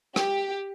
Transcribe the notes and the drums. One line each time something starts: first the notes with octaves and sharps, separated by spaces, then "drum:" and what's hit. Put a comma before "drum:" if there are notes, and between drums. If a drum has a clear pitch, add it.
G4, drum: rim click